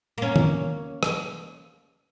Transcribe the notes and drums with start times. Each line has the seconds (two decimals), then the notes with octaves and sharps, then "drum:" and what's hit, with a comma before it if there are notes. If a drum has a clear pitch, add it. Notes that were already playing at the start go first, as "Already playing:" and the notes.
0.18 A#3 C#4
0.36 drum: tom
1.03 drum: rim click